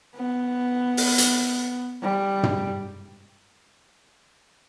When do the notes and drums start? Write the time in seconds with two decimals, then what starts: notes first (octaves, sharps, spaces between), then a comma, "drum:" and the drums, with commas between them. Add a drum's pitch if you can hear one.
0.16 B3
0.97 drum: open hi-hat
1.18 drum: hi-hat
2.02 G3
2.43 drum: tom